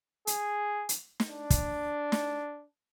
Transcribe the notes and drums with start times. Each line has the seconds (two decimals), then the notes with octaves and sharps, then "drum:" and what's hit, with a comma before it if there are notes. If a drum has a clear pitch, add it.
0.27 G#4, drum: hi-hat
0.89 drum: hi-hat
1.20 drum: snare
1.29 D4
1.50 drum: kick, hi-hat
2.12 drum: snare